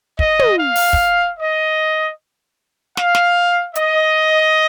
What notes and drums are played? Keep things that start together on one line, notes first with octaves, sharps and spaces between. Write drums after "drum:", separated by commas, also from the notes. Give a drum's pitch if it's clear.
D#5, drum: kick
drum: tom
F5
drum: open hi-hat
drum: kick
D#5
F5, drum: snare
drum: snare
D#5, drum: hi-hat